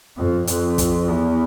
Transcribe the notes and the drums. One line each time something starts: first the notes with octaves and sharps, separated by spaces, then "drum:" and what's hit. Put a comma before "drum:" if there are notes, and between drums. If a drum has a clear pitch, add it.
F2
F2, drum: hi-hat
drum: kick, hi-hat
E2